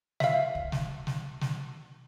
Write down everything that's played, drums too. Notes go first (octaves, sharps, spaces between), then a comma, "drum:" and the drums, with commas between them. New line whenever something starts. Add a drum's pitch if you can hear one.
E5 F5, drum: snare
drum: kick
drum: snare
drum: snare
drum: snare